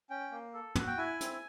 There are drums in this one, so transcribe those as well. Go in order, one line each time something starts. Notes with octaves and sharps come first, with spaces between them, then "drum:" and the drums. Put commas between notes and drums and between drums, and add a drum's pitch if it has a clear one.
C#4 G5
A#3
A4
F#4, drum: tom
G5
E4 G#5
C4, drum: hi-hat